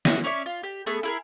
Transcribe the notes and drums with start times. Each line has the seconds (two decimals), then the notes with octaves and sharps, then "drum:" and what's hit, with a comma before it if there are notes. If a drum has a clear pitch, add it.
0.05 F#4 D#5 E5, drum: snare
0.24 C#4 C#5 D5 E5
0.46 F4
0.63 G4
0.86 A3 B3 G#4
1.03 E4 G#4 A#4